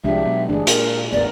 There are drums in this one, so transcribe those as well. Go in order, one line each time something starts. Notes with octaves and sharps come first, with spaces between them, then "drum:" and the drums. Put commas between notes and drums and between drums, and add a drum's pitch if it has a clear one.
C2 F3 G#3 D4 G4 E5
B2 F#3
G1 E3 A3 D4 G#4
A#2 A#4, drum: hi-hat
A1 E2 B3 A#4 D5